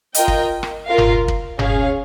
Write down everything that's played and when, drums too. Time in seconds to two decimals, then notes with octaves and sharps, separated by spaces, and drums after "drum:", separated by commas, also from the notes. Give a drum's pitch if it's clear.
0.14 F4 A#4 D#5 G5, drum: hi-hat
0.28 drum: kick
0.63 drum: rim click
0.86 F4 A#4 F5
0.98 drum: tom F#1
1.28 drum: kick
1.59 C#4 G#4 C#5 F5, drum: tom F#1